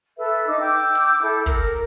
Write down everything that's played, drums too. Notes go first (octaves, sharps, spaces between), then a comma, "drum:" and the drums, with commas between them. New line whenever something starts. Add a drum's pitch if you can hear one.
A4 B4 E5 E6
D#4 D6
G5 D6 E6 G6
drum: open hi-hat
E4 A4
A#4, drum: kick, hi-hat